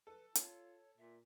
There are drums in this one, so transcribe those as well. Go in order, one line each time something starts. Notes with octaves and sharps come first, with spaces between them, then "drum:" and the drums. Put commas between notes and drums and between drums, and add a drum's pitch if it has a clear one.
A4 B4
F4 C#5, drum: hi-hat
A#2 E5